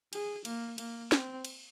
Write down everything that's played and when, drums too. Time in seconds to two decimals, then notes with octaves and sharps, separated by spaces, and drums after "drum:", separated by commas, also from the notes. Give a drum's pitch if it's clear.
0.13 G#4, drum: cymbal
0.45 A#3, drum: cymbal
0.78 A#3, drum: cymbal
1.12 C4, drum: snare
1.45 drum: cymbal